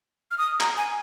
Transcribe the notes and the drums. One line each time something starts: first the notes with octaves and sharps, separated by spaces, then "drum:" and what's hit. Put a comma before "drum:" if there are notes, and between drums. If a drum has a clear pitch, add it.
F6
D#6
A#5, drum: clap
G#5